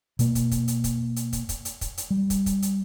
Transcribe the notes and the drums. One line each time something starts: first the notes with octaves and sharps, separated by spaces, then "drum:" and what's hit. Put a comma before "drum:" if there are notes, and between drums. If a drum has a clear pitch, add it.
B2 A#3, drum: hi-hat
drum: kick, hi-hat
drum: kick, hi-hat
drum: hi-hat
drum: kick, hi-hat
drum: hi-hat
drum: kick, hi-hat
drum: kick, hi-hat
drum: hi-hat
drum: kick, hi-hat
drum: hi-hat
G3
drum: kick, hi-hat
drum: kick, hi-hat
drum: hi-hat